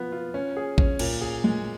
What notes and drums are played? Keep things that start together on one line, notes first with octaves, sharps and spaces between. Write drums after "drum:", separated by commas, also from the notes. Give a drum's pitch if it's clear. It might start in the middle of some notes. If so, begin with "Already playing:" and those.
Already playing: F3 B3
F4
C#4
G#4
C#4, drum: kick A1
A#2, drum: cymbal
G#4
G#3